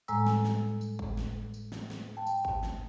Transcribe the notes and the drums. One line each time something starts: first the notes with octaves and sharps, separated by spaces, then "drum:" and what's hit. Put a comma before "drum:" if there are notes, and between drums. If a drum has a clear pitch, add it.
A2 G3 G#3 G#5 A#5 E6, drum: tambourine
drum: snare
drum: snare
drum: tambourine
drum: kick
drum: snare
drum: tambourine
drum: snare
drum: snare
G5 A5
drum: tambourine
drum: kick
drum: snare